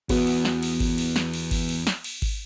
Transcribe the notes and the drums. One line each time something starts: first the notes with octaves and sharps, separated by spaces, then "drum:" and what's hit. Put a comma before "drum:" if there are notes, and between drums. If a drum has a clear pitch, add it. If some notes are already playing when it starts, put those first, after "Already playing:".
E2 B3 F#4, drum: kick G#1, cymbal
drum: cymbal
drum: snare
drum: cymbal
drum: kick G#1, cymbal
drum: cymbal
drum: snare
drum: cymbal
drum: kick G#1, cymbal
drum: cymbal
drum: snare
drum: cymbal
drum: kick G#1, cymbal